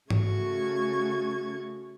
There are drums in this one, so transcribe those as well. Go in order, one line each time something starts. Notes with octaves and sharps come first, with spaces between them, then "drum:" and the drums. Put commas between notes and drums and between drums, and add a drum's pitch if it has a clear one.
C#3 A3 C#4 F#4 C#6 G#6, drum: tom G#2